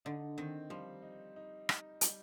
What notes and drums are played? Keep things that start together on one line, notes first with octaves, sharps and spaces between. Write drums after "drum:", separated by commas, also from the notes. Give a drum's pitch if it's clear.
D3 D#4
D#3 C4
F3 G3
D#4
D#4
D#4, drum: rim click
G3, drum: hi-hat